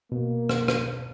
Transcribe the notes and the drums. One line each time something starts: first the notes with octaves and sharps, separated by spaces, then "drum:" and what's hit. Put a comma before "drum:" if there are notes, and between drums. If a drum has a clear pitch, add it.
B2 A#3
drum: rim click
drum: rim click